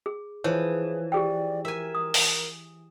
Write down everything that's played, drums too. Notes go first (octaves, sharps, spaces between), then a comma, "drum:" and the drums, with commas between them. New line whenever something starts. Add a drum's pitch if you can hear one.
G#4
E3 F3 G#4 C#5
G4 G#4 D5 G5
A#4 E5 G#5
D#6
drum: open hi-hat